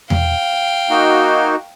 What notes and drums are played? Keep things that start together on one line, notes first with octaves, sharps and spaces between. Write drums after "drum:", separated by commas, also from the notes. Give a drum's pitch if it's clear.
F5 G5, drum: tom E2
A#3 D#4 F#4